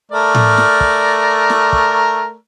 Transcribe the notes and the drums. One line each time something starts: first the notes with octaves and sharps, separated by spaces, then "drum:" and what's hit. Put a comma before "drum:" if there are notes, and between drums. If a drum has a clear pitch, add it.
A3 A#4 D5
drum: tom A2
drum: snare
drum: kick
drum: snare
drum: kick